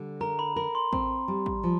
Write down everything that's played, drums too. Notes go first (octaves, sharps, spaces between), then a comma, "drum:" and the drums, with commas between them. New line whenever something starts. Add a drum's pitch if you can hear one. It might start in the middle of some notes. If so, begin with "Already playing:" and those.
Already playing: D3 G3
A#4 A#5
B5
A#4 B5
C6
C4, drum: kick A1
G3
drum: kick A1
F3